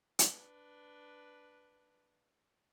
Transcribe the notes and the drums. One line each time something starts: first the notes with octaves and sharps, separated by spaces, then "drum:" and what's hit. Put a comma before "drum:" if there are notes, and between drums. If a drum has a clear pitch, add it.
D4 B4, drum: hi-hat